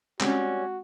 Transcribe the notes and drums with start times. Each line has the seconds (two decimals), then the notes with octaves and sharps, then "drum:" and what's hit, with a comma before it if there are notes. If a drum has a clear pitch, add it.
0.20 G3 G#3 C4 C#4 F#4, drum: clap